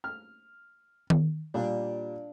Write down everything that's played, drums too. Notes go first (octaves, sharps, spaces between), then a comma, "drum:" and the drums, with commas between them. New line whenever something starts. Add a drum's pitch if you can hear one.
F6
drum: tom D#3
A#2 G3 D4